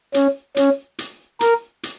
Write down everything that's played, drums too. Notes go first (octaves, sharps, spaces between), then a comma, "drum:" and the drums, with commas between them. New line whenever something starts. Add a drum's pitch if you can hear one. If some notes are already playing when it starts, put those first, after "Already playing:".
C#4, drum: hi-hat
C#4, drum: hi-hat
drum: hi-hat
A#4, drum: hi-hat
drum: hi-hat